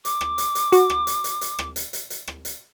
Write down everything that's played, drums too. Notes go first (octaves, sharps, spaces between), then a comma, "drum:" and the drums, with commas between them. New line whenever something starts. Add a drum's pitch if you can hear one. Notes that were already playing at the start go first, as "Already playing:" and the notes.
D6, drum: hi-hat
drum: rim click
drum: hi-hat
drum: hi-hat
F#4, drum: hi-hat
drum: rim click
drum: hi-hat
drum: hi-hat
drum: hi-hat
drum: rim click
drum: hi-hat
drum: hi-hat
drum: hi-hat
drum: rim click
drum: hi-hat